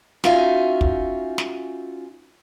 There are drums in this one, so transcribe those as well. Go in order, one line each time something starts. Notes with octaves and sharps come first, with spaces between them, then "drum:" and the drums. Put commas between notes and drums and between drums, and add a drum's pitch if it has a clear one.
C#4 D#4 F4 F#4 E5 G#5, drum: snare
drum: kick
drum: snare